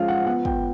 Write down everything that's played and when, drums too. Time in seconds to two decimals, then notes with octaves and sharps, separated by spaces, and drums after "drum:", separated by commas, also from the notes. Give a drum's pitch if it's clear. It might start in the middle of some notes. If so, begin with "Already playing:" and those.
Already playing: F3 G#3 C#4 F5
0.08 F#5
0.26 B3 F#5
0.45 G5, drum: kick